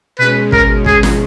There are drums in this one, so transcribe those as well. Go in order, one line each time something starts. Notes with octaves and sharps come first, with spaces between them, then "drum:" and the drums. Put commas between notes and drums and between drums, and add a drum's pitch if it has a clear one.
B2 G#3 C#4 B4
A#4, drum: kick
G#4, drum: kick
drum: snare